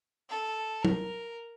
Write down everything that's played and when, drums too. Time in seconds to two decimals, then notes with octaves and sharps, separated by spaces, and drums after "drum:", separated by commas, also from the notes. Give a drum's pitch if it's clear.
0.30 A4
0.85 A#4, drum: tom